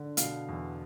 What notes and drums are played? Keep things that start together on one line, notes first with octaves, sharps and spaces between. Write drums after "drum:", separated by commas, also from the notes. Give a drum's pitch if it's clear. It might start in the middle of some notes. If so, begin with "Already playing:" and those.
Already playing: D3
B2 F5, drum: hi-hat
E2